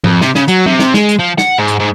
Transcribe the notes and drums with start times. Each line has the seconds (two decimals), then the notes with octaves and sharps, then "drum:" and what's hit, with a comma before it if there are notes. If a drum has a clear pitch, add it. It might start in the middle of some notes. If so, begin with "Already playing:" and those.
0.04 F2, drum: tom G#2
0.21 C3, drum: snare
0.35 C#3, drum: snare
0.48 F#3, drum: hi-hat
0.66 C3, drum: tom F#3
0.79 drum: snare
0.94 G#3, drum: snare
1.09 drum: hi-hat
1.19 F3
1.38 F#5, drum: snare
1.58 G#2
1.68 drum: hi-hat
1.80 G#2